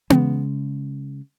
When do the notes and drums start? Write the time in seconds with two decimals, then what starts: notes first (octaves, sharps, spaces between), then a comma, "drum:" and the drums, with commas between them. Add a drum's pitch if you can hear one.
0.10 C#3 G#3, drum: tom B3